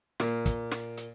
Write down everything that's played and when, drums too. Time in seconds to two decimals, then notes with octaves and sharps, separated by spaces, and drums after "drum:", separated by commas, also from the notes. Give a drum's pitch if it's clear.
0.20 A#2 A#3, drum: snare
0.46 drum: kick, hi-hat
0.72 drum: snare
0.98 drum: hi-hat